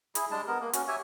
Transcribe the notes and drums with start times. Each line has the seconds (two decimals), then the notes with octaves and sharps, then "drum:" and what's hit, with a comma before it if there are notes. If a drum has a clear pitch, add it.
0.15 E4 G#4, drum: hi-hat
0.31 G3 G#3 D4 A5
0.47 B3 A#4
0.61 A#3
0.73 C#4 F#4, drum: hi-hat
0.88 G4 C#5 E5 G#5